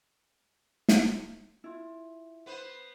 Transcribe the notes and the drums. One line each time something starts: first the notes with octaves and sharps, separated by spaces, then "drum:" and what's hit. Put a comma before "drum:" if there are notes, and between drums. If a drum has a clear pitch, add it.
drum: snare
E4 F4
B3 B4 C5